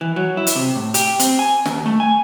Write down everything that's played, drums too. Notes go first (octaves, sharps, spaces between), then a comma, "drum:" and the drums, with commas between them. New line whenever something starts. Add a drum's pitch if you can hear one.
E3
F#3
E4
drum: hi-hat
C3
A2
G4, drum: hi-hat
C4, drum: hi-hat
G#5
D#2, drum: snare
A3
G#5